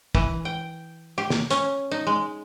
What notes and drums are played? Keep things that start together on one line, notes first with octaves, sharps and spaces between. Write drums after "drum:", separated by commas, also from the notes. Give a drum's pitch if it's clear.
E3, drum: kick
G5
G4
drum: snare
C#4, drum: hi-hat
D#4
G#3